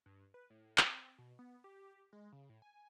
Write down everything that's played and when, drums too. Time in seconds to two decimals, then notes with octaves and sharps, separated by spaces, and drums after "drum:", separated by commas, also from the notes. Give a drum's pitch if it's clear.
0.06 G2
0.34 B4
0.50 A2
0.78 C4, drum: clap
1.18 B2
1.39 B3
1.64 G4
2.13 G#3
2.33 C#3
2.49 A2
2.62 G#5